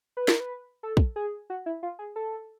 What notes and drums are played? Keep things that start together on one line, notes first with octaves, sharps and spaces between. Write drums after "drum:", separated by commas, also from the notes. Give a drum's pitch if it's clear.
B4
A#4, drum: snare
B4
A4
drum: kick
G#4
F#4
E4
F4
G#4
A4